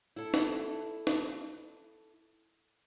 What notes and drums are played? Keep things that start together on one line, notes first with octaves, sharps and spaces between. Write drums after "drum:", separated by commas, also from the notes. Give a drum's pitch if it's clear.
E4 A4
drum: snare
drum: snare